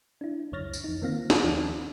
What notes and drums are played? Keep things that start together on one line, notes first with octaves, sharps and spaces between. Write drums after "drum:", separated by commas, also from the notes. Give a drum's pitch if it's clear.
D4 E4
C#2 F#2 C#5 F6 A6 A#6
drum: tambourine
F2 D#4
D#3 A#3 C4 F4 F5 A#6
drum: snare
D#2 F3 C#4 D#4